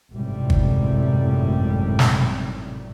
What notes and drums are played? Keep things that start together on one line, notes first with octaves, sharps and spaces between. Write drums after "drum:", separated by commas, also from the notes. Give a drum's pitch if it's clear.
G#1 F#2 A2 C3 G3
drum: kick
drum: snare